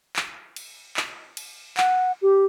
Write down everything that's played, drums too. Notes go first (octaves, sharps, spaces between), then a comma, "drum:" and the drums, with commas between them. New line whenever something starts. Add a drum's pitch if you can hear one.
drum: clap
drum: cymbal
drum: clap
drum: cymbal
F#5, drum: clap
G4